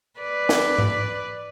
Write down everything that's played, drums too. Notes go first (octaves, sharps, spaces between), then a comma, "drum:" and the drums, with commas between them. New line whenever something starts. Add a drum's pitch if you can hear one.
B4 D5
drum: snare
drum: tom G#2